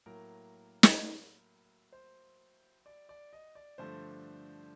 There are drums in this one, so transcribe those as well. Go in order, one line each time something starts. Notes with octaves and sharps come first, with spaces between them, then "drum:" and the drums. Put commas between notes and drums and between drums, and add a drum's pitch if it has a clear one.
A2 F#3 A#3 A#4
drum: snare
C5
D5
D5
D#5
D5
G2 D3 F3 A3 C5